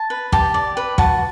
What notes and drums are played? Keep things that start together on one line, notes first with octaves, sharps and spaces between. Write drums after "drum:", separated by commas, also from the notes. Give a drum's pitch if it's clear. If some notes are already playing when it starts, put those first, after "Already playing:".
Already playing: A5
B4
G4 A5, drum: kick
D5
B4
F#4 A5, drum: kick